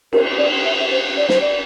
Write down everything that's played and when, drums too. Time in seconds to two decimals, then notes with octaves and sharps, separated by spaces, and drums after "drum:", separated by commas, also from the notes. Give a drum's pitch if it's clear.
0.13 A#4, drum: cymbal
0.38 D5
0.65 E5
0.80 E5
0.91 C5
1.17 D5
1.29 C5, drum: snare
1.41 D5